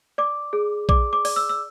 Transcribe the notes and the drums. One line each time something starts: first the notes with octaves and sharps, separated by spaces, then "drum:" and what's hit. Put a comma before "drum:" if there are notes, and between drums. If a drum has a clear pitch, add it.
D5 D6
G#4
D5 D6, drum: kick A#1
D6
D5, drum: open hi-hat
E6
E6